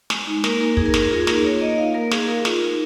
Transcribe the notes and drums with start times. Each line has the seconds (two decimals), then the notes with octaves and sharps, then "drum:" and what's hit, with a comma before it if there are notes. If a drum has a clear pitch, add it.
0.10 G#3, drum: snare
0.27 D#4
0.44 A#3 A#4, drum: snare
0.61 A#3 A#4
0.77 D#4 G#4, drum: kick
0.86 A#4
0.94 D#4 G#4, drum: snare
1.02 A#4
1.11 F4 G#4
1.27 A#3 A#4, drum: snare
1.45 F4 C#5
1.61 A#3 D#5
1.77 D#4 F5
1.94 A#3 A#4
2.11 D#4 G#4, drum: snare
2.28 D#4 A#4
2.45 F4, drum: snare
2.62 F4